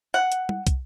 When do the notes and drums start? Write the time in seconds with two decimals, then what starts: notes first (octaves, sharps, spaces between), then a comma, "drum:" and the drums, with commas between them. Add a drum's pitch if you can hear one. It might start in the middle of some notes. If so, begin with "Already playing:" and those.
0.14 F#5
0.32 drum: hi-hat
0.49 drum: tom
0.67 drum: kick, hi-hat